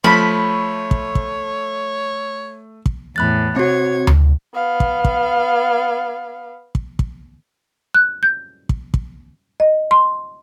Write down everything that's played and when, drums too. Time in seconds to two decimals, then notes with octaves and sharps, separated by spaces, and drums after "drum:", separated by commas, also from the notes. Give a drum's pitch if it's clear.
0.04 F3 A3 C#5 B5
0.91 drum: kick
1.15 drum: kick
2.86 drum: kick
3.16 E2 A2 B5 F#6 A6
3.56 C3 C4 F#4 C#5 G#6
4.07 drum: tom D2
4.54 B3 F5
4.80 drum: kick
5.05 drum: kick
6.75 drum: kick
6.99 drum: kick
7.94 F#6
8.23 G6
8.69 drum: kick
8.94 drum: kick
9.60 D#5
9.91 C6